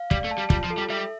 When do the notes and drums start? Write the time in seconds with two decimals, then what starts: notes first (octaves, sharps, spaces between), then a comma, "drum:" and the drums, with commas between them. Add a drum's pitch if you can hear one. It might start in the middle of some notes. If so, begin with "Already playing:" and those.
Already playing: F5
0.11 G3 D5, drum: kick
0.24 A3
0.31 A5
0.38 G3
0.50 G3 F4, drum: kick
0.64 F3
0.70 A4
0.78 G3
0.90 G3 E5